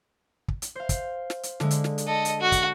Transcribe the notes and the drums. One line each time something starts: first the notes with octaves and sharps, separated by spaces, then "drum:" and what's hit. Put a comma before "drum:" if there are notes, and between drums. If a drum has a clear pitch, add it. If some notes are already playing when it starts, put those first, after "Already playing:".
drum: kick
drum: hi-hat
C5 F5
drum: kick, hi-hat
drum: snare
drum: hi-hat
D3 G#3, drum: snare
drum: hi-hat
drum: snare
drum: hi-hat
A4 D#5
drum: hi-hat
F#4
drum: kick, hi-hat